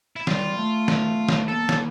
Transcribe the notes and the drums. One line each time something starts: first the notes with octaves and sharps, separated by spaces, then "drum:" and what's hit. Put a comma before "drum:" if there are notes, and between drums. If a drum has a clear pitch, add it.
E4
G3 F4, drum: snare
A3
drum: snare
drum: snare
A#3 A4
A#3, drum: snare